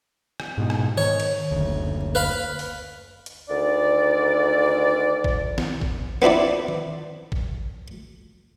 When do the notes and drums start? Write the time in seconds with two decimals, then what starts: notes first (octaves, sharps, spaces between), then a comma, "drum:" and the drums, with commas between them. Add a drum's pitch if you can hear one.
0.40 drum: rim click
0.58 G#2 B2
0.70 drum: rim click
0.98 D#3 C#5
1.20 drum: cymbal
1.51 F#1 D2
2.15 B4 F5 B5
2.59 drum: open hi-hat
3.26 drum: hi-hat
3.49 D2 D#3 D5
5.24 drum: kick G#1
5.58 drum: snare
5.81 drum: kick G#1
6.22 B3 C4 D4 E4 D5
6.68 drum: tom D#3
7.32 drum: kick G#1